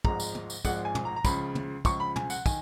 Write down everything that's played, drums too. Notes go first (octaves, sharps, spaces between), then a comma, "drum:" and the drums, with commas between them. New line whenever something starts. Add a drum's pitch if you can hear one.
G#1 G#2 F3 G#3 A#5, drum: kick
drum: tambourine
drum: tom
drum: tambourine
G#1 G#2 F3 G#3 F#5, drum: kick, tambourine
G#5
drum: tom
A#5
A#5
C#2 C#3 F3 B5, drum: kick, tambourine
drum: tom
C#2 C#3 F3 C#6, drum: kick, tambourine
B5
G#5, drum: tom
F#5, drum: tambourine
D#3 G#5, drum: kick, tambourine